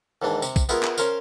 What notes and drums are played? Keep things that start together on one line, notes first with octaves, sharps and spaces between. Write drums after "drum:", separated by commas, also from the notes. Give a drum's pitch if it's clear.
D#2 G#2 E3 D4
C3, drum: tambourine
drum: kick, tambourine
B3 E4 F4 G#4 A#4, drum: tambourine
drum: clap
C#4 A#4 C5 F5, drum: tambourine